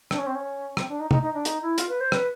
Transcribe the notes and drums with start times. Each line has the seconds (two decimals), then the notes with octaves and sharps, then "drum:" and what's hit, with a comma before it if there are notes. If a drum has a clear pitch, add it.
0.11 D4, drum: rim click
0.18 C#4
0.27 C4
0.35 C#4
0.77 C4, drum: rim click
0.89 D4
1.00 D#4
1.11 D#4, drum: tom
1.22 D#4
1.34 D4
1.45 D#4, drum: hi-hat
1.62 E4
1.78 F4, drum: hi-hat
1.89 B4
2.00 C5
2.12 B4, drum: rim click